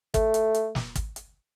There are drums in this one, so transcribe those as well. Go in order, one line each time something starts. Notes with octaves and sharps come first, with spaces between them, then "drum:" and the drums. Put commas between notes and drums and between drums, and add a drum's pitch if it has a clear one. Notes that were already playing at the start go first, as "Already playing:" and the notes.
A3, drum: kick, hi-hat
drum: hi-hat
drum: hi-hat
drum: snare
drum: kick, hi-hat
drum: hi-hat